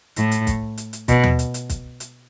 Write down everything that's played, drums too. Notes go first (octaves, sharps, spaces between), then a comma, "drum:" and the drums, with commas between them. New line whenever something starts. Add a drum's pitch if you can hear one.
A2, drum: hi-hat
drum: hi-hat
drum: kick, hi-hat
drum: hi-hat
drum: hi-hat
B2, drum: kick, hi-hat
drum: tom D#2
drum: hi-hat
drum: hi-hat
drum: kick, hi-hat
drum: hi-hat